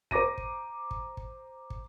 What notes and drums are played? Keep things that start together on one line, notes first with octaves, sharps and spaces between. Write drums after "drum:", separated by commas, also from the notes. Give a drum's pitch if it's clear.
C5 A#5 D6 A#6 D#7, drum: kick
drum: kick
drum: kick
drum: kick
drum: kick